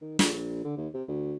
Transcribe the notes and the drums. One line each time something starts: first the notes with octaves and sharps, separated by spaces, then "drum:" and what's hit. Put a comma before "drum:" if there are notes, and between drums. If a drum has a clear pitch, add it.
D#3
A#1, drum: snare
D3
D#2
C3
D2